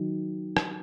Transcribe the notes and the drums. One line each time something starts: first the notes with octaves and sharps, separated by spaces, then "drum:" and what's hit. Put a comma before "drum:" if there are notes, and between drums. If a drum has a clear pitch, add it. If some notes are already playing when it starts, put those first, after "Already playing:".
Already playing: D#3 F#3
drum: rim click